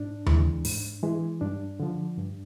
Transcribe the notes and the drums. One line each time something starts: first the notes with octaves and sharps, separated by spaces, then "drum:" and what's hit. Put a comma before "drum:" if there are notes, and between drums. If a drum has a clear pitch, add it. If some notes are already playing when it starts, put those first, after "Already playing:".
Already playing: G#2 D4
E3 G#3, drum: tom D#2
G#2, drum: open hi-hat
E3 G#3
G2 D4
D3 F3
G2